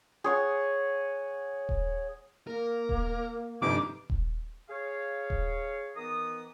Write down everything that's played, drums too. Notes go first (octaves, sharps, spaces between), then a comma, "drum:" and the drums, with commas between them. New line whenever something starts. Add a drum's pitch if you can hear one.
G#4 C#5 F#5
drum: kick D#1
A#3 A#4
drum: kick D#1
G1 C3 F3 D#4 D6
drum: kick D#1
G#4 C#5 F5
drum: kick D#1
D#3 E3 B3 A#5 D#6